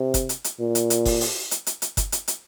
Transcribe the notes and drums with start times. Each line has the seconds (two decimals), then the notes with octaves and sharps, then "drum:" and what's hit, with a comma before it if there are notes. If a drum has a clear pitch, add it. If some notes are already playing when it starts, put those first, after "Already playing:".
Already playing: C3
0.14 drum: kick F#1, hi-hat
0.29 drum: hi-hat
0.44 drum: hi-hat
0.60 A#2
0.75 drum: hi-hat
0.90 drum: hi-hat
1.05 drum: kick F#1, open hi-hat
1.21 drum: open hi-hat
1.51 drum: hi-hat
1.66 drum: hi-hat
1.82 drum: hi-hat
1.97 drum: kick F#1, hi-hat
2.12 drum: hi-hat
2.28 drum: hi-hat